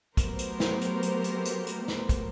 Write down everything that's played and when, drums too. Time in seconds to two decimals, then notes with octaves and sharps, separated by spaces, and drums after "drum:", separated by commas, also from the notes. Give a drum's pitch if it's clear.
0.17 F#3 A3 B3 G4 A#4 C5, drum: kick, hi-hat
0.39 drum: hi-hat
0.60 drum: snare
0.81 drum: hi-hat
1.03 drum: hi-hat
1.24 drum: hi-hat
1.45 drum: hi-hat
1.67 drum: hi-hat
1.88 drum: snare
2.09 drum: kick, hi-hat